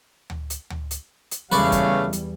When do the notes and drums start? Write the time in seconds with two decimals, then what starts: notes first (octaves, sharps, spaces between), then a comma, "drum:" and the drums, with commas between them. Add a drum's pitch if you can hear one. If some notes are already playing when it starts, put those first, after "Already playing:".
0.30 drum: tom D2
0.50 drum: hi-hat
0.70 drum: tom D2
0.91 drum: hi-hat
1.31 drum: hi-hat
1.52 E2 C#3 G3 A3 B4 C#5 D5 F5
1.72 drum: kick, hi-hat
2.13 drum: hi-hat